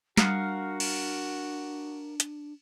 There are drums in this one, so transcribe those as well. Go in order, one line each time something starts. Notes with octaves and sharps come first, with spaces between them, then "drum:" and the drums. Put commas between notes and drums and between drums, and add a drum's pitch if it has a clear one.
G3 D4 F#4 A#4 F5 F#5, drum: snare
drum: cymbal
drum: hi-hat